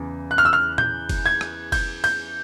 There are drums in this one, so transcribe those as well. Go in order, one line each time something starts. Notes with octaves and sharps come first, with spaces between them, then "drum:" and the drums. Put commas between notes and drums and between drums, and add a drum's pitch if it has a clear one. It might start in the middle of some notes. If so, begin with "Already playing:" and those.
Already playing: E2 C#3 E3
F#6
F6
E6
F6
G6, drum: tom A#2
drum: kick F1, cymbal
G#6
drum: rim click
G6, drum: kick F1, cymbal
G6, drum: cymbal